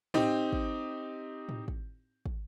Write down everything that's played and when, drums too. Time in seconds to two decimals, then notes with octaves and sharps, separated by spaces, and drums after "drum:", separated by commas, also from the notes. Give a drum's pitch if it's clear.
0.14 C4 D#4 G4, drum: tom A2
0.53 drum: kick
1.49 drum: tom A2
1.68 drum: kick
2.26 drum: kick